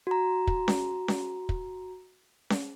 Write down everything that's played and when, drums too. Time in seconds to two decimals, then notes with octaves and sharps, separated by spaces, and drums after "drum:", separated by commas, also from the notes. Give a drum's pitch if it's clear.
0.07 F#4 A#5
0.47 drum: kick
0.68 drum: snare C#4
1.08 drum: snare C#4
1.49 drum: kick
2.50 drum: snare C#4